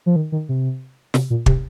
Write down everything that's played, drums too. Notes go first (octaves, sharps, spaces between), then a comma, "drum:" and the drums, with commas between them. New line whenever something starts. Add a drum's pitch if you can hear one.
F3
D#3
D#3
C3
C3, drum: snare
A#2
C3, drum: kick